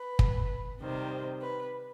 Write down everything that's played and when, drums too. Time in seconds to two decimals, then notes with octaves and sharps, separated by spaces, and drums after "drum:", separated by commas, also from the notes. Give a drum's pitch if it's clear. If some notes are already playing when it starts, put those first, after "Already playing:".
Already playing: B4
0.19 drum: kick
0.80 C3 D#3 G3 C5
1.41 B4